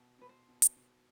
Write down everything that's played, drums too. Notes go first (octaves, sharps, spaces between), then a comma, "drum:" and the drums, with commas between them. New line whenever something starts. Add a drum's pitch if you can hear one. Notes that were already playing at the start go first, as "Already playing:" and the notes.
Already playing: B2
B2 B4
C5
B2
drum: hi-hat
B2